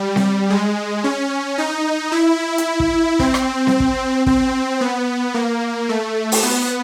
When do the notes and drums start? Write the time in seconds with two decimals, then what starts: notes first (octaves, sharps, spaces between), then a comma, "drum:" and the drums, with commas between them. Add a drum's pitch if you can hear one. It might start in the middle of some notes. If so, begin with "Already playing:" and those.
Already playing: G3
0.16 drum: snare C4
0.50 G#3
1.04 C#4
1.58 D#4
2.12 E4
2.58 drum: hi-hat
2.80 drum: kick
3.19 C4, drum: kick
3.34 drum: rim click
3.67 drum: snare C4
3.80 drum: kick
4.27 C4, drum: kick
4.81 B3
5.34 A#3
5.89 A3
6.32 drum: open hi-hat
6.43 B3